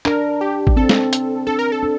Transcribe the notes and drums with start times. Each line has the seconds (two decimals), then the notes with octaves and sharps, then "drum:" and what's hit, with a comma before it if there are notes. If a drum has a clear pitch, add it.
0.05 D4 A#4, drum: clap
0.41 G4
0.67 drum: kick G#1
0.77 C4 A4
0.89 drum: snare
1.13 drum: hi-hat
1.47 D4 A4
1.59 A#4
1.72 A4
1.83 D4